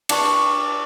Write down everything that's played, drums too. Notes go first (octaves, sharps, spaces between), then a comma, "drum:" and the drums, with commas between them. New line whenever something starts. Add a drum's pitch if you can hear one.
D4 A5 C#6, drum: cymbal